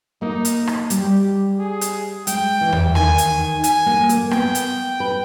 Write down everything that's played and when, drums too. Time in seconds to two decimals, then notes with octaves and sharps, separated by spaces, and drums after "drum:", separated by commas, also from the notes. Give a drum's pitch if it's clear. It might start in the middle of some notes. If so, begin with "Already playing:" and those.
0.22 A#3 D#4
0.45 drum: hi-hat
0.67 drum: rim click
0.90 G3 G4, drum: hi-hat
1.59 G#4
1.81 drum: hi-hat
2.27 G#3 G5, drum: hi-hat
2.61 E3
2.72 drum: tom E2
2.95 D#3 G#5, drum: rim click
3.18 drum: hi-hat
3.64 G#5, drum: hi-hat
3.86 A#3
4.09 A#3, drum: hi-hat
4.31 B3 G5, drum: rim click
4.55 drum: hi-hat
5.00 B4